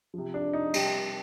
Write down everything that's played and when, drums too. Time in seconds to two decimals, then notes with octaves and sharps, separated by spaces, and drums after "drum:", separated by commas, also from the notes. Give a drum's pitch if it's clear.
0.14 C3 F3
0.34 D4
0.53 D#4
0.74 C3 G3 G4, drum: cymbal